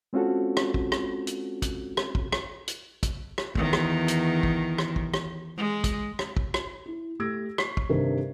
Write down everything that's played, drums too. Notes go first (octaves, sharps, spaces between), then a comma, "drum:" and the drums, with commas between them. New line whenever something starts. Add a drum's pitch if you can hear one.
G#3 C4 C#4 F4 F#4 A4
drum: rim click
drum: kick
drum: rim click
drum: hi-hat
drum: kick, hi-hat
drum: rim click
drum: kick
drum: rim click
drum: hi-hat
drum: kick, hi-hat
drum: rim click
E2 D#3, drum: kick
drum: rim click
drum: hi-hat
drum: kick
drum: rim click
drum: kick
drum: rim click
G#3
drum: kick, hi-hat
drum: rim click
drum: kick
drum: rim click
E4
A3 G4 E6 G#6 A#6 D7
C#6 B6 C7, drum: rim click
drum: kick
G2 C3 D#3 A#4